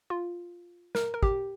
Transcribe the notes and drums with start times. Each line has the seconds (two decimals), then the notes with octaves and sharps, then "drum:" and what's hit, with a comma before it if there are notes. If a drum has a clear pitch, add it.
0.10 F4
0.95 A#4, drum: snare
1.14 A#4
1.23 G4, drum: kick